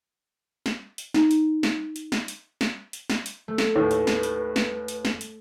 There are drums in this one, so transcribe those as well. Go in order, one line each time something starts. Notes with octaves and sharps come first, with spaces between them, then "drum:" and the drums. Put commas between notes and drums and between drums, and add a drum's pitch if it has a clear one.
drum: snare
drum: hi-hat
D#4, drum: snare
drum: hi-hat
drum: snare
drum: hi-hat
drum: snare
drum: hi-hat
drum: snare
drum: hi-hat
drum: snare
drum: hi-hat
A3
drum: snare
D#2 A2 B4
drum: hi-hat
drum: snare
drum: hi-hat
drum: snare
drum: hi-hat
drum: snare
drum: hi-hat